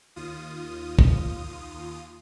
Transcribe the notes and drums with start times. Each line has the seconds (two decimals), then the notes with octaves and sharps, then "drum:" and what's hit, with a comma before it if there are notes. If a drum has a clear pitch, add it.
0.16 D#2 F4 D#6
0.99 drum: kick